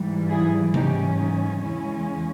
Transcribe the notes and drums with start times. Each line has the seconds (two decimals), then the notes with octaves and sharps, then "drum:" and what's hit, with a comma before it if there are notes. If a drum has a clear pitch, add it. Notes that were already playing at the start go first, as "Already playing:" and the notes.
Already playing: G#2 E3 G3
0.30 E4 G#4
0.74 G#2 E3 G3 C#4 D#4 G4, drum: tom C3
1.18 D#4
1.63 E2 C#3 G#3 C#4 E4